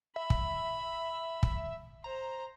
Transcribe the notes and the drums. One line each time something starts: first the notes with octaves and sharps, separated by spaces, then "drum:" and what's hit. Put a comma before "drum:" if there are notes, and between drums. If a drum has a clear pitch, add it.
E5 B5
drum: kick
drum: kick
C5 A#5